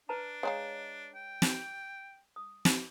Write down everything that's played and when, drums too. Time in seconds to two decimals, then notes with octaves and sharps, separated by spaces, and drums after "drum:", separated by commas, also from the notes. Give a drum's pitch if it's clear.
0.09 D4 B4 A5 A#5
0.43 G#3 G#4 C#5 D#5 F5 A#5
1.15 G5
1.42 drum: snare
2.36 D#6
2.65 drum: snare